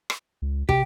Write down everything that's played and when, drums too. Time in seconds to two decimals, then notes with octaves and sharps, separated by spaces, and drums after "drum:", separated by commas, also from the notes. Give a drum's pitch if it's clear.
0.10 drum: rim click
0.42 C#2
0.69 C3 G4, drum: kick